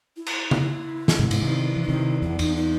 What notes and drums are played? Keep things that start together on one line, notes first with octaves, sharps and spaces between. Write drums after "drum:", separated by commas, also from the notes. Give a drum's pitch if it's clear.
E4
drum: cymbal
E4, drum: tom C#3
drum: snare
G#2 C3
G#2 C3, drum: cymbal
C3 D#3
E3
D#4
C3 D#3 E4
E2 E4
E2 D#4, drum: cymbal
D#4